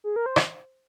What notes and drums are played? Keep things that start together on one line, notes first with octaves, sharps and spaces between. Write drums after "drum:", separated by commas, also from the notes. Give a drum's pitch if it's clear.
G#4
A#4
C5
drum: rim click